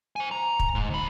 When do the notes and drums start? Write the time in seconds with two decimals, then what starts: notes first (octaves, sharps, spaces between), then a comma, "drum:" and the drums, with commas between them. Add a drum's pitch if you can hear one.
0.16 C5 G#5
0.31 A#5
0.60 drum: kick
0.75 G#2
0.90 D2 B5